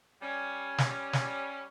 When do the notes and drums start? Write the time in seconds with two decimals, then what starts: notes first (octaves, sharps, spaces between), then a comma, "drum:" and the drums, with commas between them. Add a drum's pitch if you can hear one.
0.22 G3 C#4
0.78 drum: snare
1.13 drum: snare